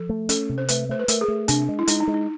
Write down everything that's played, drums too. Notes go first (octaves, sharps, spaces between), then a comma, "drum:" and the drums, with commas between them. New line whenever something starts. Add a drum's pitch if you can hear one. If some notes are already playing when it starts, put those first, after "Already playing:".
Already playing: F3 A4
A3
C#4 A4, drum: hi-hat
C3
C5
A3 B4, drum: hi-hat
A3 C5
B4
A3 A#4, drum: hi-hat
G#4
A3
C3 D4, drum: hi-hat
G#3
E4
G#3 D#4, drum: hi-hat
D#4
G#3
D#4